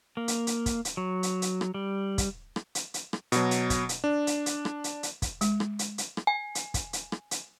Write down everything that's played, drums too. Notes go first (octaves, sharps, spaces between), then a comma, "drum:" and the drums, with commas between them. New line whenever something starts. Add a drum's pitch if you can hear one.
A#3
drum: hi-hat
drum: hi-hat
drum: kick, hi-hat
drum: hi-hat
F#3
drum: hi-hat
drum: hi-hat
drum: rim click
G3
drum: kick, hi-hat
drum: rim click
drum: hi-hat
drum: hi-hat
drum: rim click
B2 F#3, drum: hi-hat
drum: hi-hat
drum: kick, hi-hat
drum: hi-hat
D4
drum: hi-hat
drum: hi-hat
drum: rim click
drum: hi-hat
drum: hi-hat
drum: kick, hi-hat
G#3, drum: hi-hat
drum: rim click
drum: hi-hat
drum: hi-hat
drum: rim click
G#5
drum: hi-hat
drum: kick, hi-hat
drum: hi-hat
drum: rim click
drum: hi-hat